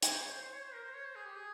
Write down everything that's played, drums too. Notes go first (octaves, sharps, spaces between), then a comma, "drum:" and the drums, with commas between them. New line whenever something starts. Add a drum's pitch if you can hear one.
C#5, drum: hi-hat
C5
C#5
C5
C5
C#5
C5
A#4
C5
C#5
C5
G#4
G4
G#4